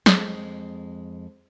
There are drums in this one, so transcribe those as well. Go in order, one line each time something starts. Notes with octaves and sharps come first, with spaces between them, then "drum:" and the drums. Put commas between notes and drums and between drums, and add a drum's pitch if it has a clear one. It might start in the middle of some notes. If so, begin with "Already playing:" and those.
F2 G#3, drum: snare